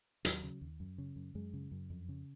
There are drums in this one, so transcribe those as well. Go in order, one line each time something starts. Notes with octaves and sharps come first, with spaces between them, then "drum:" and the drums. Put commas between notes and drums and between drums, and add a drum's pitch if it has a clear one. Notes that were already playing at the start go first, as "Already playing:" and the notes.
D#2 F#3, drum: hi-hat
C#3
D#2
F#2
C#3
F#2
F#2 G#3
C#3
F#2
F2
C#3